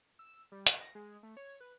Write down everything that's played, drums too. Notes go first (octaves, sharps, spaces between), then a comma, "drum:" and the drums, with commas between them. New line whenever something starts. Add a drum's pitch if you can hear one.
E6
G3
F#6, drum: hi-hat
A#6
G#3
A3
C#5
B4